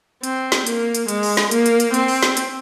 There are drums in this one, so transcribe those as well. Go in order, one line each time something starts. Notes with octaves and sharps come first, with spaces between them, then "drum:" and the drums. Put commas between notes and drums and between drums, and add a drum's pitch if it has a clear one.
C4, drum: hi-hat
drum: snare
A#3, drum: hi-hat
drum: hi-hat
G#3, drum: hi-hat
drum: open hi-hat
drum: snare
A#3, drum: hi-hat
drum: hi-hat
drum: hi-hat
C4, drum: hi-hat
drum: open hi-hat
drum: snare
drum: hi-hat